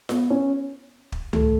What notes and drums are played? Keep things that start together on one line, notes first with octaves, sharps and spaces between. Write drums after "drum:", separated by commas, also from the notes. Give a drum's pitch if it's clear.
B3, drum: snare F4
C#4
drum: kick
A3, drum: tom C#2